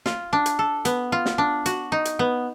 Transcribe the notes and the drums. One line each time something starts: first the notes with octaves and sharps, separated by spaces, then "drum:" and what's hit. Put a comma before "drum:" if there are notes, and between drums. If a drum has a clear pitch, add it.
F4, drum: snare
D4
drum: hi-hat
A4
B3, drum: hi-hat
F4
drum: snare
D4
F#4, drum: hi-hat
D#4
drum: hi-hat
B3